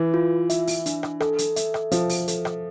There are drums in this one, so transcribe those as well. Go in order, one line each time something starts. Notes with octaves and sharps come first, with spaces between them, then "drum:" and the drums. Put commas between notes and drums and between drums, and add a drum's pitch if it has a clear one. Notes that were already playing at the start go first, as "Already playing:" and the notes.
Already playing: E3 B4
F4
E5, drum: hi-hat
drum: open hi-hat
D4, drum: hi-hat
drum: rim click
A4, drum: rim click
drum: hi-hat
E5, drum: hi-hat
drum: rim click
F3 E5, drum: hi-hat
drum: open hi-hat
A4, drum: hi-hat
drum: rim click